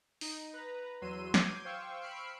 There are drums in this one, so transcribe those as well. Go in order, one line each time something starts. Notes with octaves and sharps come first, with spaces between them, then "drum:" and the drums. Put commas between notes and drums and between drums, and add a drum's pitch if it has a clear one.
D#4, drum: open hi-hat
B4 A#5
E2 F#3 C6 E6 D#7
D6 G6 G#6 C7 D#7, drum: snare
C5 F5 G5 C#6 E6
B5 C#6 E6 F6 C7 D7